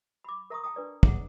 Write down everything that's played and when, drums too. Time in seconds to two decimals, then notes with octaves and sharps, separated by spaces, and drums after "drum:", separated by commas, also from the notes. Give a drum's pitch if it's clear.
0.24 B5 D6
0.50 A#4 E5 A#5 B5 C#6 D#6
0.64 G5 A5 A#5 D#6
0.76 D4 B4 D5
1.03 G#4 F#5, drum: kick